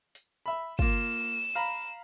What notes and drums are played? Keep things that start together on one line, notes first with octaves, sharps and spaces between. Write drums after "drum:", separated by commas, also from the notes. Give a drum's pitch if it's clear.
drum: hi-hat
E5 B5
A#3 F4 E7, drum: kick
F5 A#5 B5